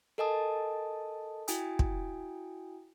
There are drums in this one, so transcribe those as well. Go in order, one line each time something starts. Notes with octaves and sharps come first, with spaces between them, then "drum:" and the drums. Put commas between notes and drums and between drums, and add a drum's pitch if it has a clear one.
A4 A#4 D#5 G#5 A5 D#6
E4 F#4 G5 G#5 D#6, drum: hi-hat
drum: kick